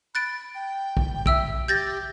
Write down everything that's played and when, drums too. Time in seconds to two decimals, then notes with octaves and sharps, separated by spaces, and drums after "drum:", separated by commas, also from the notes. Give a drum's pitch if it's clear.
0.15 B5 F#6 A6 D7
0.55 G5
0.97 drum: kick
1.26 E5 E6 D7, drum: kick
1.68 G4 G6 A6 A#6